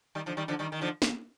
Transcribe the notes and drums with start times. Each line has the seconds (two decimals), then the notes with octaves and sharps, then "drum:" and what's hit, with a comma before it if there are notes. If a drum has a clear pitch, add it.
0.15 D#3 G3
0.26 D3 F3
0.37 D#3 G3
0.48 D3 F3
0.59 D#3 G3
0.72 D#3
0.81 D3 F3
1.02 drum: snare